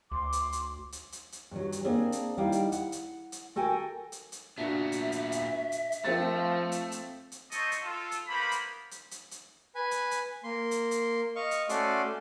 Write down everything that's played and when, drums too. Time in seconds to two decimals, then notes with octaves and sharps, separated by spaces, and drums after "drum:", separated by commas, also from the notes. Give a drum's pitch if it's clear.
0.11 D2 C6 D6
0.33 drum: hi-hat
0.52 drum: hi-hat
0.92 drum: hi-hat
1.12 drum: hi-hat
1.32 drum: hi-hat
1.51 G2 F#3
1.72 drum: hi-hat
1.84 A#3 C4 D4 G#4
2.12 drum: hi-hat
2.37 G3 D#4 E4 F5 G5
2.52 drum: hi-hat
2.72 F#5, drum: hi-hat
2.92 drum: hi-hat
3.32 drum: hi-hat
3.56 F#4 A4 A#4 G5 G#5
4.12 drum: hi-hat
4.32 drum: hi-hat
4.58 A#2 B3 D4 F#4 E5
4.92 drum: hi-hat
5.12 drum: hi-hat
5.32 drum: hi-hat
5.72 drum: hi-hat
5.92 drum: hi-hat
6.04 F3 A3 C4 A6
6.72 drum: hi-hat
6.92 drum: hi-hat
7.32 drum: hi-hat
7.52 A3 D#4 A4 C5 D#5 C#6, drum: hi-hat
7.72 drum: hi-hat
7.83 F4 A4
8.11 drum: hi-hat
8.28 A#3 B3 C5 B5
8.51 drum: hi-hat
8.91 drum: hi-hat
9.11 drum: hi-hat
9.31 drum: hi-hat
9.75 B4 G#5
9.91 drum: hi-hat
10.11 drum: hi-hat
10.44 A#3 C6
10.71 drum: hi-hat
10.91 drum: hi-hat
11.36 D#5 F5 C#6
11.51 drum: hi-hat
11.69 A3 C#4 F#4 A4 D5 C6, drum: hi-hat